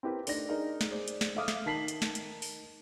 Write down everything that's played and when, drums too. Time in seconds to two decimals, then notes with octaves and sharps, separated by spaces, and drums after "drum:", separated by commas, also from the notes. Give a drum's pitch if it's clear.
0.03 C4 E4 G4 A#4 B4
0.27 A3 D4 D#4 A#6, drum: open hi-hat
0.49 D4 D#4 G#4 A#4
0.81 drum: snare
0.91 G#4 C5 D5
1.08 drum: hi-hat
1.21 drum: snare
1.36 A4 E5 F5 D6 D#6 F6
1.48 drum: snare
1.66 D#3 A5 B6 C7 F#7
1.88 drum: hi-hat
2.02 drum: snare
2.15 drum: hi-hat
2.42 drum: open hi-hat